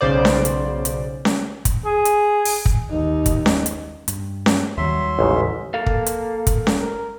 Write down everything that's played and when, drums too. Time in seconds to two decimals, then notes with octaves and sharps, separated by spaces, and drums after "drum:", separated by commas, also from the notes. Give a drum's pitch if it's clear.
0.01 B1 C#3 C5 D5
0.25 drum: snare C#4
0.45 drum: hi-hat
0.85 drum: hi-hat
1.25 drum: snare C#4
1.65 drum: kick, hi-hat
1.85 G#4
2.05 drum: hi-hat
2.45 drum: open hi-hat
2.65 drum: kick
2.90 D#2 D#4
3.26 drum: kick, hi-hat
3.46 drum: snare C#4
3.66 drum: hi-hat
4.08 G2, drum: hi-hat
4.46 drum: snare C#4
4.77 D#2 D#3 F#3 G3 E5 C6
5.19 A1 G#2 C#3
5.74 A#3 A4 F5
5.86 drum: kick
6.06 drum: hi-hat
6.47 drum: kick, hi-hat
6.67 drum: snare C#4
6.80 A#4